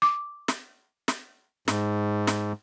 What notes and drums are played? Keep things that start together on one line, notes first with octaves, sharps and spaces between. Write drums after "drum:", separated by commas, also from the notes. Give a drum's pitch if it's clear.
D6
drum: snare
drum: snare
G#2, drum: snare
drum: snare